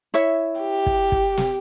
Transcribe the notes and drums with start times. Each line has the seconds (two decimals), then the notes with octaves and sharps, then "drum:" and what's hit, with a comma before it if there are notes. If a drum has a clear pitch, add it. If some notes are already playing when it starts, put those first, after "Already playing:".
0.14 E4 C#5 E5
0.61 G4
0.86 drum: kick
1.12 drum: kick
1.37 drum: snare